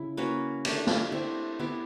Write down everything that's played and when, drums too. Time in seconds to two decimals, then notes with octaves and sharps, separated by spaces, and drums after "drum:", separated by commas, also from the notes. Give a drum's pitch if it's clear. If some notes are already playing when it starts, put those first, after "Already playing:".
Already playing: C#3 E4
0.17 A#3 C#4 F#4 B4
0.65 A3 D4 G4, drum: cymbal
0.87 drum: snare
1.12 C4 E4 G4
1.59 B3 E4 G4